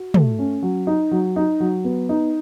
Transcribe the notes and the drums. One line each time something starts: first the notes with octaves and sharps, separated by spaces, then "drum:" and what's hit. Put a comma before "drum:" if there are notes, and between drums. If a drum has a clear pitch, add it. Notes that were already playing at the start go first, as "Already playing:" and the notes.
Already playing: F#4
A3, drum: tom
C#4
F#3
D#4
F#3
D#4
F#3
B3
D#4